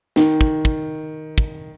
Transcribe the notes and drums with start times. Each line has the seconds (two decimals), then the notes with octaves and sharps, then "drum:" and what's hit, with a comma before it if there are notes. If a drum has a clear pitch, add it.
0.16 D#3, drum: snare
0.41 drum: kick
0.65 drum: kick
1.38 drum: kick